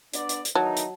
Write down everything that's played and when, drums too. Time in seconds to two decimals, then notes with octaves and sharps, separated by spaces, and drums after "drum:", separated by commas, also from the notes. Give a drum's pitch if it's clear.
0.13 B3 D4 D5, drum: hi-hat
0.29 drum: hi-hat
0.45 drum: hi-hat
0.55 E2 D#3 F#3 D#4 A5
0.77 drum: hi-hat